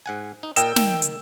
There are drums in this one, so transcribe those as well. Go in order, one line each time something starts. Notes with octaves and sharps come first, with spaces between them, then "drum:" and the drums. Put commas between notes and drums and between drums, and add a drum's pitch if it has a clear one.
G#2 F#5 G#5
D#4
A#2 A#4 D#5 G5 E6 E7, drum: hi-hat
D#3, drum: snare
drum: hi-hat